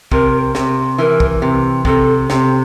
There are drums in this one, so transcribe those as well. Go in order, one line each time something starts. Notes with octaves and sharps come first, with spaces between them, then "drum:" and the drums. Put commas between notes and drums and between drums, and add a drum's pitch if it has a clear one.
C3 A#4, drum: kick
C3, drum: snare
E3 A#4
drum: kick
C3
C3 A4, drum: kick
C3, drum: snare